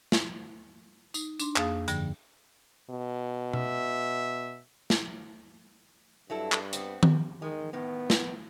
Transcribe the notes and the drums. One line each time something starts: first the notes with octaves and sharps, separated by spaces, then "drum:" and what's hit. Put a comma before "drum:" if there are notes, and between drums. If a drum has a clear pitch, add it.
drum: snare
D#4, drum: tambourine
D4 C6, drum: tambourine
F2 A#3 G#4 F5 D#6 A6, drum: clap
G2 D3 F3 G5 A#6, drum: hi-hat
B2
E5, drum: tom B2
drum: snare
G2 F#3 E4 A4
drum: clap
B3 C4, drum: hi-hat
drum: tom D#3
D#3 G#3
A2 D#3 B3
drum: snare